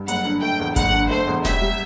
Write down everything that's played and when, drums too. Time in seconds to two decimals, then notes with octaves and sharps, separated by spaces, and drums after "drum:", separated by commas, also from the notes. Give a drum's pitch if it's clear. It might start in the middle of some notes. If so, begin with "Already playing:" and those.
Already playing: G2
0.08 F#1 F#5, drum: hi-hat
0.25 D3
0.42 A3 G5
0.60 E2
0.76 F#1 F#5, drum: kick G#1, hi-hat
0.94 D3
1.10 A3 C5
1.28 E2
1.45 A1 E5, drum: snare E1
1.62 G3